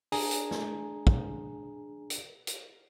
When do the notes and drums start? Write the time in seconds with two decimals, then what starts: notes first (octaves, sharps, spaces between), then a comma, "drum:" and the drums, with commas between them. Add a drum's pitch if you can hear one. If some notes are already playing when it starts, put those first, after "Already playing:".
0.12 D4 G#4 G#5 A#5, drum: open hi-hat
0.31 drum: hi-hat
0.51 drum: snare
1.07 drum: kick
2.10 drum: hi-hat
2.47 drum: hi-hat